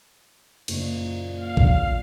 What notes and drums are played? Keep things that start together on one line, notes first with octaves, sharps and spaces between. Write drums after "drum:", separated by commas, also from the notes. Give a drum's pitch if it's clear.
F#1 A#2, drum: cymbal
F5
drum: kick A1